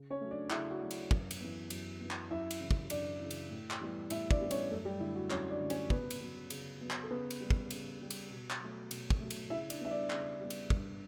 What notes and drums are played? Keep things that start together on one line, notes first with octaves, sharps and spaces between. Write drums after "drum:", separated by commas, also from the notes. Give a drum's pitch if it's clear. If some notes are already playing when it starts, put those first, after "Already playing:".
Already playing: C#3
C#4 C#5
F#3 A3
D4 D5
C#3 E4 E5, drum: clap
F#4
F#3 A3
drum: cymbal
F#2, drum: kick
drum: cymbal
E3 B3
F#2, drum: cymbal
E3 B3
drum: clap
F#2 E4 E5
drum: cymbal
C#3 E3
drum: kick
F#2 D4 D5, drum: cymbal
C#3 E3
drum: cymbal
A2
drum: clap
E3 G3 B3
A2 E4 E5, drum: cymbal
D4 D5, drum: kick
E3 G3 B3
C#4 C#5, drum: cymbal
F#2 A3 A4
G3 G4
D3 A3 E4
F#4
F#2 C#4 C#5, drum: clap
D4 D5
D3 A3
C#4 C#5, drum: cymbal
C#3 B3 B4, drum: kick
drum: cymbal
F#3 B3
C#3, drum: cymbal
F#3 B3
drum: clap
A4
C#3 B3 B4
drum: cymbal
G3 B3
drum: kick
C#3, drum: cymbal
G3 B3
drum: cymbal
B2
drum: clap
F#3 A3
B2, drum: cymbal
drum: kick
F#3 A3
drum: cymbal
C#3 E4 E5
D4 D5, drum: cymbal
G3 B3 E5
D4 D5
C#3, drum: clap
G3 B3
drum: cymbal
G2, drum: kick